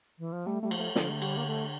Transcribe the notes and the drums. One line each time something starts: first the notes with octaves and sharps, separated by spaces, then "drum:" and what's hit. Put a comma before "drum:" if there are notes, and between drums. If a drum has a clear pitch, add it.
E3
F3
G3 A3
G3 A3
F3, drum: cymbal
A3
D3 F3, drum: snare
A3
G3, drum: cymbal
A#3
A3